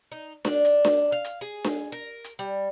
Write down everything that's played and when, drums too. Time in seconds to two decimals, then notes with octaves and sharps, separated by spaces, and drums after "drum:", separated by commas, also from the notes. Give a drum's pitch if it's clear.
0.12 D#4
0.45 D4, drum: snare D4
0.65 drum: hi-hat
0.85 drum: snare D4
1.12 F5
1.25 drum: hi-hat
1.41 G#4
1.64 drum: snare D4
1.92 A#4
2.24 drum: hi-hat
2.39 G3